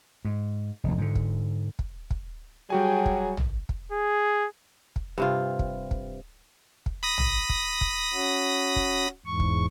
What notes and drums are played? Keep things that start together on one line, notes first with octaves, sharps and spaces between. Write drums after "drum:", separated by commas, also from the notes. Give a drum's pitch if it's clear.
G#2
F1 D2
G#2 D3
drum: kick
drum: kick
drum: kick
F#3 G3 F#4 G#4 G5 G#5
drum: kick
drum: tom A1
drum: kick
G#4
drum: kick
G2 C3 F4
drum: kick
drum: kick
drum: kick
B5 D#6 A#6
drum: tom A1
drum: kick
drum: kick
C#4 F#4
drum: kick
E2 G#2 C#6
drum: kick